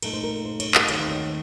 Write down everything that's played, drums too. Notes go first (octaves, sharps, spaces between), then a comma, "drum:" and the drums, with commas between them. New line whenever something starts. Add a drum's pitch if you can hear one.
A#2 A3 D#4 A#4, drum: cymbal
C5
A#4
C5
C#5, drum: cymbal
A#4, drum: clap
D#2 D#3 A3 C4 D#4 C#5, drum: cymbal
C5
C#5